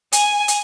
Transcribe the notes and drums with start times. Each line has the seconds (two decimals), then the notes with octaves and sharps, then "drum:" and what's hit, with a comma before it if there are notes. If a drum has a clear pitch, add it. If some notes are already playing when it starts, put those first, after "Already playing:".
0.13 G#5, drum: hi-hat
0.48 drum: hi-hat